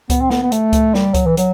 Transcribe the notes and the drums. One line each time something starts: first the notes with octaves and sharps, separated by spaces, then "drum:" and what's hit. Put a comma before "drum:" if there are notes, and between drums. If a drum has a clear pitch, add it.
B3, drum: kick C#2, hi-hat
C4
B3, drum: snare
B3
A3, drum: hi-hat
drum: kick C#2, hi-hat
G3, drum: snare
F#3, drum: kick C#2, hi-hat
E3
F#3, drum: hi-hat